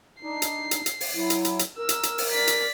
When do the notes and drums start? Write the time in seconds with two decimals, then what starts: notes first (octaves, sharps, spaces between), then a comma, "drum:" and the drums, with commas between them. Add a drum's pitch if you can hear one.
0.23 D4 D#4 C7
0.42 drum: hi-hat
0.71 drum: hi-hat
0.86 drum: hi-hat
1.01 drum: open hi-hat
1.15 F#3 E4
1.30 drum: hi-hat
1.45 drum: hi-hat
1.59 drum: hi-hat
1.79 A#4 E6
1.89 drum: hi-hat
2.03 drum: hi-hat
2.18 drum: open hi-hat
2.32 D5 B6
2.47 drum: hi-hat